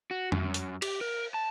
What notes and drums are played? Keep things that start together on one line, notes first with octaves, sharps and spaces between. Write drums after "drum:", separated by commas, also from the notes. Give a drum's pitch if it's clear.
F#4
F#2, drum: tom F2
drum: hi-hat
G4, drum: cymbal
A#4
A5